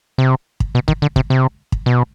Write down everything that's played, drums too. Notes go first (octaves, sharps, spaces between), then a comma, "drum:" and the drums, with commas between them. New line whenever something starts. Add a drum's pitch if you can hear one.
C3
drum: kick
B2
D#3, drum: kick
D3
C3, drum: kick
C3
drum: kick
B2